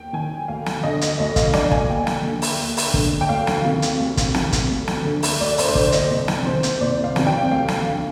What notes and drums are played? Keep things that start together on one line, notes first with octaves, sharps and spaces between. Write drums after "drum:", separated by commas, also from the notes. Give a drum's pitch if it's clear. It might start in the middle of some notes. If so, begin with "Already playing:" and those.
Already playing: D#2 G5
D#3 G#5
D2 F5
drum: snare
D3 D#5
drum: hi-hat
D2 D#5
F5, drum: kick, hi-hat
D3 D5, drum: snare
G#5, drum: kick
D#2 G5
drum: snare
D3
drum: open hi-hat
D#2
drum: open hi-hat
D3, drum: kick
G5
D2 F5
drum: snare
C3 D#3
drum: hi-hat
D2
drum: kick, hi-hat
C3 D#3, drum: snare
drum: kick, hi-hat
D2
drum: snare
D3
drum: open hi-hat
D2 D5
C5, drum: open hi-hat
C5
D3 D5, drum: kick
D#5, drum: hi-hat
C2
drum: snare
C3 D#3 C5
drum: hi-hat
C2 D5
F5
C3 D#3, drum: snare
G5
D2 F5
drum: snare
D3